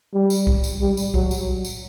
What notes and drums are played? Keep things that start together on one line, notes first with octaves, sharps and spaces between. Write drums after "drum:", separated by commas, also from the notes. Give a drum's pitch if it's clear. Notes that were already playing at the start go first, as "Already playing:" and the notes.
G3
drum: tambourine
drum: kick B1
drum: tambourine
G3
drum: tambourine
F#3, drum: kick B1
drum: tambourine
drum: tambourine